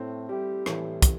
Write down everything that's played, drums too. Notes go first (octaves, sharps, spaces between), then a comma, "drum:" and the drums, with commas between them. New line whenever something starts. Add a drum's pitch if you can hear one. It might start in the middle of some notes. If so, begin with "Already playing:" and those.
Already playing: A2 C4
G3 A3 E4 G4
A2 E3, drum: rim click
A3, drum: kick, hi-hat